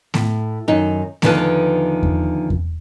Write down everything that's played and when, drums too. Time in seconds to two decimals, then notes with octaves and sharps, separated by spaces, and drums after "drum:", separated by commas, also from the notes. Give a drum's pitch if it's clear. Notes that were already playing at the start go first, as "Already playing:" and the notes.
0.14 A2, drum: snare A3
0.68 F#2 D#3 D#4
1.22 E2 D3 D#3 F3 B4 A5, drum: snare A3
2.03 drum: kick E2
2.50 drum: kick E2